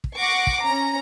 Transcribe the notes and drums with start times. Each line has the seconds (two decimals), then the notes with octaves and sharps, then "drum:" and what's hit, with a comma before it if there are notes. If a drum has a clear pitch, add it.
0.04 drum: kick
0.17 F#5 C#6 D6 A#6 C7
0.47 drum: kick
0.61 C#4 A#5